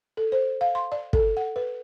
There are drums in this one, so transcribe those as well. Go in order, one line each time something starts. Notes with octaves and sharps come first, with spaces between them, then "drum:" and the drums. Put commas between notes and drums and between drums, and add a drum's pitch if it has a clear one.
A4
C5
F5
C6
D5
A4, drum: kick
F#5
B4